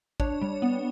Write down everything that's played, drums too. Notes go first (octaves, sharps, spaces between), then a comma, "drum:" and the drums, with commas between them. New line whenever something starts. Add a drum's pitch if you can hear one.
D4 C#5, drum: kick
G3
B3